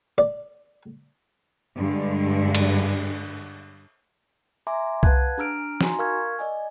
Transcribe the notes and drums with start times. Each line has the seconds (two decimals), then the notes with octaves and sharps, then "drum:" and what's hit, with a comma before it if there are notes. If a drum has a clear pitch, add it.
0.18 D5
1.77 G2 D3 G#3
2.55 drum: cymbal
4.67 E5 G#5 A#5 C6 D6
5.03 B4 F5 F#5 A5 F#6 G#6, drum: kick C2
5.38 D4 G#4 A#5 E6 F6 D7
5.81 D#4 F#4 G#5 A#5 C6, drum: snare
5.99 A#4 F5 C#6 E6 F6 G#6
6.39 D5 D#5 G#5